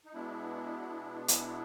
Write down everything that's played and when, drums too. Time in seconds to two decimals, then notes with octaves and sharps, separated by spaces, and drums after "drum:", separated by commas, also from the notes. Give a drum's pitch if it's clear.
0.05 D#4
0.13 B2 G#3 B3 D4 E4
1.28 E4, drum: hi-hat